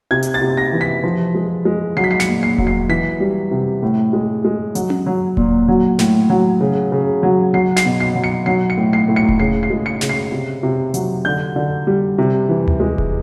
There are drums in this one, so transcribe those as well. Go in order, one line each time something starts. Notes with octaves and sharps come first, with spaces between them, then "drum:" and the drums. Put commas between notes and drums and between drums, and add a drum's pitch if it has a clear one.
C3 G#6
drum: hi-hat
A6
C3
A#6
E3
B6
F3
G#3
G#3
F#3 C7
B6
C7
C#7, drum: snare
A#2
C7
F#3, drum: kick E1
C7
E3 B6
G3
C3
A2
G#3
G#3
F#3, drum: hi-hat
drum: tom C#4
F#3
A#2, drum: kick E1
F#3
A2, drum: snare
F#3
C#3
C#3
F#3
F#3 C7
C7, drum: snare
B2
C7
F#3
C#7
F#3 C7
C#7
A2
C7
A2
C#7
drum: kick E1
C#3 C7
C7
G#3
C#7
C#3, drum: snare
C7
C3
C3
F#3, drum: hi-hat
D3 G6
D3
G3
C3
E3
drum: tom D2
G#3
drum: kick E1